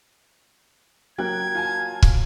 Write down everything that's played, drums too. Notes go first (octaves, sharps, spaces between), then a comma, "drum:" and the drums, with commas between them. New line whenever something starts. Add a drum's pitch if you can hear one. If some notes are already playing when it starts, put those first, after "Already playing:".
F#3 A#3 G5 F#6 G#6
F4 G#5 A5
drum: kick